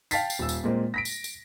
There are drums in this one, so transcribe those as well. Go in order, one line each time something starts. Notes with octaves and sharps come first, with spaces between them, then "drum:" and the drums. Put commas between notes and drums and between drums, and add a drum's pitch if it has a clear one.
F5 G5 A5 A6 B6 C7, drum: tambourine
drum: tambourine
D#1 E6
drum: tambourine
A#2 G#3 A#3 C4
A#6 B6 D7
drum: tambourine
drum: tambourine